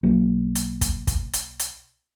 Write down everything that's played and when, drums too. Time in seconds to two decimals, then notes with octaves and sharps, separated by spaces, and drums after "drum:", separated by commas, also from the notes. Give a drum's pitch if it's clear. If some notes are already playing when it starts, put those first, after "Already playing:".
0.03 B1 F#3 A#3
0.55 drum: hi-hat
0.81 drum: kick, hi-hat
1.07 drum: kick, hi-hat
1.33 drum: hi-hat
1.59 drum: hi-hat